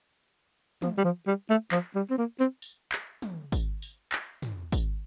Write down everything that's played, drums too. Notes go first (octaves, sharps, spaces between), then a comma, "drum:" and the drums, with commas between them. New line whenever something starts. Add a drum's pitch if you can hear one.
F3, drum: tom
G3
F3
G3
A3
F3, drum: clap
G3
C4
A#3
C4
drum: tambourine
drum: clap
drum: tom
drum: kick G#1, tambourine
drum: tambourine
drum: clap
drum: tom
drum: kick G#1, tambourine